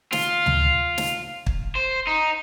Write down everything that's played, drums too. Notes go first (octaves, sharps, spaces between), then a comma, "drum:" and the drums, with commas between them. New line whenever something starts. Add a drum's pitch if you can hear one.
F4, drum: snare
drum: tom D2
drum: snare
drum: kick
C5
D#4